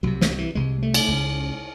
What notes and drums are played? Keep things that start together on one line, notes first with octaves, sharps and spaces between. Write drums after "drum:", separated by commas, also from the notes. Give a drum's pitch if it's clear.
C2 C3 F#3
A3, drum: snare
F#3
E3
C2 C3 G#3
A3
drum: cymbal
C#2 C#3